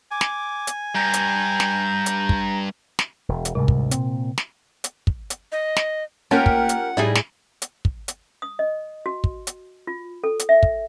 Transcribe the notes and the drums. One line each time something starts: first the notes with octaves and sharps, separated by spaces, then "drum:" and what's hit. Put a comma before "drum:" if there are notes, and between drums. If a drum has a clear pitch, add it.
G#5 D6
drum: snare
drum: hi-hat
G2 A#5 G6
drum: hi-hat
drum: snare
drum: hi-hat
drum: kick
drum: snare
E1
drum: hi-hat
D2 G#2 C3 G3
drum: kick
A#2 C4, drum: hi-hat
drum: snare
drum: hi-hat
drum: kick
drum: hi-hat
D#5
drum: snare
A#3 C#4 F4 G4 A#4 F#5 G5 A5
drum: kick
drum: hi-hat
A2 G3 D#4 E4 G#4
drum: snare
drum: hi-hat
drum: kick
drum: hi-hat
D#6
D#5
F#4
drum: kick
drum: hi-hat
F4
A4
drum: hi-hat
E5
drum: kick